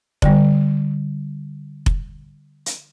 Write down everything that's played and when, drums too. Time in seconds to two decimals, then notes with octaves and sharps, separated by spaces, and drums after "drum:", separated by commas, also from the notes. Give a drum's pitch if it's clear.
0.22 D3 G3, drum: kick F1
1.86 drum: kick F1
2.66 drum: hi-hat